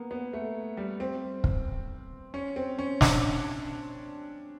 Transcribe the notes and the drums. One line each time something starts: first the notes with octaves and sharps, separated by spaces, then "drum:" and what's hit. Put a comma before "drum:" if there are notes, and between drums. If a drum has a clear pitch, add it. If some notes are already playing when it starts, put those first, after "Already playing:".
Already playing: A#3 B3
B3
A3
G3
C4
drum: kick
C#4
C4
C#4
D4, drum: snare